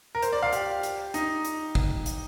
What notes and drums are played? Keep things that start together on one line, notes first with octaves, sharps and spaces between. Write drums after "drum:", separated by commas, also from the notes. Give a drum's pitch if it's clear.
A#4
C5, drum: hi-hat
D5
F5
G4, drum: hi-hat
drum: hi-hat
D#4, drum: hi-hat
drum: hi-hat
drum: kick
drum: hi-hat